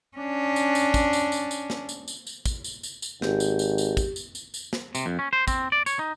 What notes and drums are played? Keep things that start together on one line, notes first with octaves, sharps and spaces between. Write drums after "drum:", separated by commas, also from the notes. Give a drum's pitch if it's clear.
C#4 D4
drum: tambourine
drum: tambourine
drum: kick, tambourine
drum: tambourine
drum: tambourine
drum: tambourine
drum: snare
drum: tambourine
drum: tambourine
drum: tambourine
drum: kick, tambourine
drum: tambourine
drum: tambourine
drum: tambourine
G#1 G4, drum: snare
drum: tambourine
drum: tambourine
drum: tambourine
drum: kick, tambourine
drum: tambourine
drum: tambourine
drum: tambourine
drum: snare
C3, drum: tambourine
F2
C#4
C5
C4, drum: kick, tambourine
D5
C#5, drum: tambourine
D#4